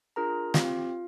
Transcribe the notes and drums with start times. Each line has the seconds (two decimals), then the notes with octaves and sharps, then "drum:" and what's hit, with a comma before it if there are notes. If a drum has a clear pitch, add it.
0.16 D4 F4 G#4 A#4 A#5
0.54 C4 F4 G4 F5, drum: snare